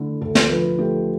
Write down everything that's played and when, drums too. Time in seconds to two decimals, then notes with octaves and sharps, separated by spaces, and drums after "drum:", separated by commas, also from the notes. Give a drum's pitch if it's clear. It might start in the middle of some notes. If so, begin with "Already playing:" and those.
Already playing: D3 A3 E4
0.21 D2 A4
0.35 drum: snare
0.50 F3 B4
0.79 A3 G4